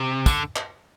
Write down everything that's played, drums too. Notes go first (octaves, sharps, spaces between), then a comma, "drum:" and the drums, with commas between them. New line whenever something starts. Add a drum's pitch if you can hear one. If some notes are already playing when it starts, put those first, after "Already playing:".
Already playing: C3
D3, drum: kick, tambourine
drum: clap